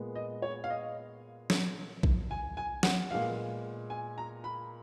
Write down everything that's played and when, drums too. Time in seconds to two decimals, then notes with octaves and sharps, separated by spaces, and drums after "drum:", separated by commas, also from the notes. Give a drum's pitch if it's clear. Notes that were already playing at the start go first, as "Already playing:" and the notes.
Already playing: A#2 G#3 B3
0.15 D#5
0.42 C#5
0.64 F5
0.70 D#5
1.50 drum: snare
2.03 drum: kick A#1
2.31 G#5
2.57 G#5
2.83 F#5, drum: snare
3.11 A#2 G#3 B3 F5
3.90 G#5
4.18 A#5
4.44 B5